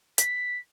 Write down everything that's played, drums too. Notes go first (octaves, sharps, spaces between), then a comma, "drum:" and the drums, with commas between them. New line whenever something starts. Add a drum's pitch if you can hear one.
B6, drum: hi-hat